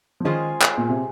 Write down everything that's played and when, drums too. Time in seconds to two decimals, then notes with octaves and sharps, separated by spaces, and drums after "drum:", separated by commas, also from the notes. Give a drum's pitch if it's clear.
0.20 F3
0.25 D#3 G#3 C#4 F4 G#4 C5
0.61 drum: clap
0.78 A#2
0.89 C3